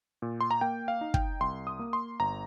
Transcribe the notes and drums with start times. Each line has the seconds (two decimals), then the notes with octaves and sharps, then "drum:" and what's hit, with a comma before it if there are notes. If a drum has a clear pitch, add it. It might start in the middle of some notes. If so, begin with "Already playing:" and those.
0.22 A#2
0.41 C6
0.51 A#5
0.61 A#3 G5
0.88 F5
1.01 D#4
1.14 G5, drum: kick
1.40 C2 C6
1.67 D#6
1.79 A#3
1.93 C6
2.20 G1 A#5